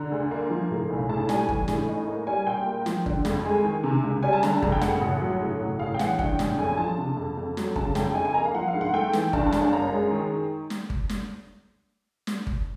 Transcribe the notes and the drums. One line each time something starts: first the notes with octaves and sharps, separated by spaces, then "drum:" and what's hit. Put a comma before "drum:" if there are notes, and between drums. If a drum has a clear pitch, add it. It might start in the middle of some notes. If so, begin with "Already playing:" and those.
Already playing: D3 A#5
D2
A#3
F3
A2
B1
A2 A5
G3 G#5, drum: snare
E3, drum: kick G1
A2, drum: snare
D#4
A#3
G3 G#5
A#2 G5
A#3
F3, drum: snare
D3, drum: kick G1
F2, drum: snare
G#3 G#5
D#3
C3
C#2
G3 G#5
A5
D3 A#5, drum: snare
A5
F2, drum: kick G1
G5
F#1 F#5, drum: snare
F#5
A1
F#3
A2
A1
A1 F5
G5
E3 F#5, drum: snare
G2 G5, drum: kick G1
A1, drum: snare
F2 G#5
F3 A5
C3
F2
F2
F#3, drum: snare
C#3 A5, drum: kick G1
F2 G5, drum: snare
D#4 G#5
G#5
A#3 A#5
F5
F3 F#5
F5
G#2
F#5
A3 G5
E3, drum: snare
G2 A5, drum: kick G1
A5
G1, drum: snare
A5
F#2 A#5
G#3
D#3
drum: snare
drum: kick G1
drum: snare
drum: snare
drum: kick G1